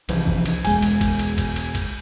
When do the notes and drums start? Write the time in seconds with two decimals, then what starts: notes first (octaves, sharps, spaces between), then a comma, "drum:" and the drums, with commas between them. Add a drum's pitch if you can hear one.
0.09 C2 E3 F3, drum: cymbal
0.27 drum: kick
0.46 drum: cymbal
0.65 E1 G#3 G#5, drum: kick, cymbal
0.82 drum: cymbal
1.01 drum: kick, cymbal
1.19 drum: cymbal
1.38 drum: kick, cymbal
1.56 drum: cymbal
1.75 drum: kick, cymbal